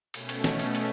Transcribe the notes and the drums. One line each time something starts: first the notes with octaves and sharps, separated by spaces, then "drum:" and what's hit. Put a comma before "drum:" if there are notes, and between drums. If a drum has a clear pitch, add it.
B2 A3 C#4, drum: cymbal
drum: cymbal
drum: snare
drum: cymbal
drum: cymbal